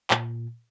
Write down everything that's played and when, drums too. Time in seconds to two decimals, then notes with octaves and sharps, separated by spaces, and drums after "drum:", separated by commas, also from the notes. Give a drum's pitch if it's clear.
0.11 A#2, drum: clap